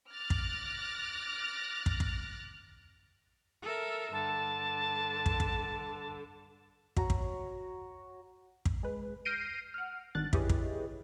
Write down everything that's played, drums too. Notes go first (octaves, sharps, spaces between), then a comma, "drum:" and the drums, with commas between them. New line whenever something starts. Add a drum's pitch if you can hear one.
D6 F6 F#6 A6 A#6
drum: kick
drum: kick
drum: kick
A4 A#4 E5
G2 D3 A5
drum: kick
drum: kick
F#4 C#5 A#5, drum: kick
drum: kick
drum: kick
G#3 B4
F6 G6 A#6 C7 D7 D#7
F#5 F6
G#1 G2 D#3 D4 F#6 A6
E4 G4 G#4 B4 C#5 D#5, drum: kick
drum: kick